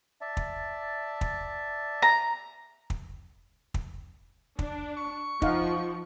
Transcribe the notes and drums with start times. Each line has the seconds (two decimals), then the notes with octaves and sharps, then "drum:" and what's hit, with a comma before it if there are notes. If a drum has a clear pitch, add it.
0.21 D5 E5 A5
0.37 drum: kick
1.21 drum: kick
2.02 A#5
2.90 drum: kick
3.74 drum: kick
4.59 D4, drum: kick
4.97 C#6
5.42 F3 D#4 F5 F#5, drum: kick